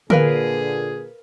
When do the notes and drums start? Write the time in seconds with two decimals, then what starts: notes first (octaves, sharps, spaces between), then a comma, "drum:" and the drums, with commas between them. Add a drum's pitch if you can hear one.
0.10 A#2 D3 G#4 A#4 B4 F5, drum: tom D3